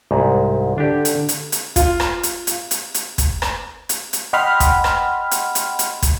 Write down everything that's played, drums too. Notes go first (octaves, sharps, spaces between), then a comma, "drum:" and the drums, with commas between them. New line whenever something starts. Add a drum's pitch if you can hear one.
C2 G#2
D3 D4 G4
drum: hi-hat
drum: hi-hat
drum: hi-hat
F4, drum: kick, hi-hat
drum: rim click
drum: hi-hat
drum: hi-hat
drum: hi-hat
drum: hi-hat
drum: kick, hi-hat
drum: rim click
drum: hi-hat
drum: hi-hat
D#5 F#5 G5 B5 C6 F6
drum: kick, hi-hat
drum: rim click
drum: hi-hat
drum: hi-hat
drum: hi-hat
drum: kick, hi-hat